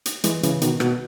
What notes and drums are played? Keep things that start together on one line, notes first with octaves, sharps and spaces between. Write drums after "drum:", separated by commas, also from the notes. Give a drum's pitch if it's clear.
drum: hi-hat
E3 G#3, drum: hi-hat
C#3 E3, drum: hi-hat
B2 D#3, drum: hi-hat
B2, drum: rim click